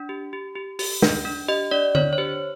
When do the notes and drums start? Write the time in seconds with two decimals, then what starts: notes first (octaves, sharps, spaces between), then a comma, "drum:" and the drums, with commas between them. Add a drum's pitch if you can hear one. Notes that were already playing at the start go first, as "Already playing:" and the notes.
Already playing: D4
0.09 G4
0.33 G4
0.55 G4
0.79 G4, drum: open hi-hat
1.02 D4, drum: snare
1.25 D4
1.48 G4 D#5
1.71 D4 D5
1.95 D4 C#5, drum: tom D3
2.13 C#5
2.18 G4 C5